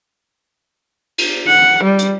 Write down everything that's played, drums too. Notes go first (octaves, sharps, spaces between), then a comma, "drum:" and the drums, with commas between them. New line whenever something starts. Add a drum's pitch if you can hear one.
drum: cymbal
F#5
G3
drum: hi-hat